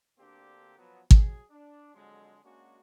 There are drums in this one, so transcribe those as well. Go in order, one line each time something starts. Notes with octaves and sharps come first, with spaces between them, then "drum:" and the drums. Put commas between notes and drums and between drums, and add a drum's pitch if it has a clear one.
D2 D3 A#3 C4 D4 G4
B2 F3 F#3 B3
F#3 G#4, drum: kick
D4
F2 D3 F#3 G#3
G#3 A#3 C#4 D4 F#4